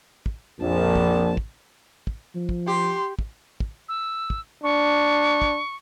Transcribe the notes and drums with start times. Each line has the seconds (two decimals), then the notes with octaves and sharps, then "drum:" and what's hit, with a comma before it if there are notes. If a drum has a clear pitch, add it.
0.26 drum: kick
0.60 A#1 F2 A5
0.96 drum: kick
1.37 drum: kick
2.07 drum: kick
2.35 F3
2.49 drum: kick
2.67 G4 C6
3.19 drum: kick
3.60 drum: kick
3.89 E6
4.30 drum: kick
4.64 D4 C#6
5.42 drum: kick